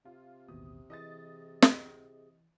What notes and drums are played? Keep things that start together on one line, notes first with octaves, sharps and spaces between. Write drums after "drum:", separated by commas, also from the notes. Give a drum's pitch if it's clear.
C3 F4
A1 D#2 B2 D#6
E3 G#4 D#5 D#6 A6
drum: snare